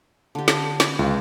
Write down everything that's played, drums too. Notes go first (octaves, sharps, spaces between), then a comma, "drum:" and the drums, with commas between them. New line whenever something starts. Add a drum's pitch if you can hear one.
D3 G4
drum: snare
B5, drum: snare
C#2 F4